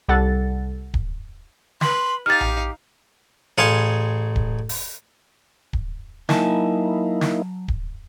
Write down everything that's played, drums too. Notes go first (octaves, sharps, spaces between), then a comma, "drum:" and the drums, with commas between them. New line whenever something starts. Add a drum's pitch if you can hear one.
C2 G3 A4 F#5 A6
drum: kick D1
B4 B5 C6, drum: snare
D#4 G4 F5 F6 A6
drum: tom A#1
A1 G#4 F5 C6 C#6
drum: kick D1
drum: open hi-hat
drum: kick D1
F#3 A#3 D#4 E4 G#5 A5, drum: snare
drum: snare
drum: kick D1